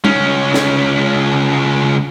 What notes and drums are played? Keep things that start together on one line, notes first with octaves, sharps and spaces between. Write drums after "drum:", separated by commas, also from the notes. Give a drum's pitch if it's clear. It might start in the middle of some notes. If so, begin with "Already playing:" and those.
C#2 C#4, drum: tom G3
drum: snare